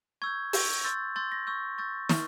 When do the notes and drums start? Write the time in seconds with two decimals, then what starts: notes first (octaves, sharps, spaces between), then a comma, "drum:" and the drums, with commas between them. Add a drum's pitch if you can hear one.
0.22 C#6 E6 G6 G#6
0.53 C#6 E6 G6, drum: open hi-hat
0.85 C6 E6 G6 A6
1.16 C6 E6 G6 A6
1.32 A#6
1.47 C#6 E6 G6
1.78 C#6 E6 G6 A6
2.09 C#6 F6, drum: snare